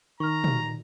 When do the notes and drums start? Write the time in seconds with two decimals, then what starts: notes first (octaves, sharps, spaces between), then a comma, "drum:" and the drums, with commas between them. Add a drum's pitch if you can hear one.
0.20 D#3 A#5 C#6 F6
0.44 drum: tom